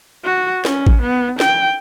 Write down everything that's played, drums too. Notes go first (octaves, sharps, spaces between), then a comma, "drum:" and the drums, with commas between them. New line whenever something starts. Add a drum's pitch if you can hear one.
F#4
C#4, drum: snare
drum: kick A1
B3
G5, drum: snare